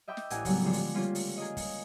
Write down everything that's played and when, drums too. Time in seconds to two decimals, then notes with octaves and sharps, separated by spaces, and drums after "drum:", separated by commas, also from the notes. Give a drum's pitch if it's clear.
0.08 D#5 E5 G5 B5 D6 E6
0.17 drum: snare
0.30 A1 D4 A#4 F#5 G#5 D#7, drum: hi-hat
0.45 C#3 F#3 G3 A3 B3 C4, drum: kick, open hi-hat
0.64 D3 F3 G3 G#3 B3 D4
0.73 drum: open hi-hat
0.95 G3 A3 A#3 C#4 F4 C5
1.15 drum: open hi-hat
1.37 G#4 A#4 D#5
1.57 drum: kick, open hi-hat